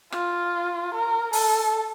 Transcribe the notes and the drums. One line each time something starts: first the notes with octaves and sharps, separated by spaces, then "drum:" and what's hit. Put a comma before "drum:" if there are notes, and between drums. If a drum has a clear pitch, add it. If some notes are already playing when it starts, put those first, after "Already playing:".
F4, drum: rim click
A#4
A4, drum: open hi-hat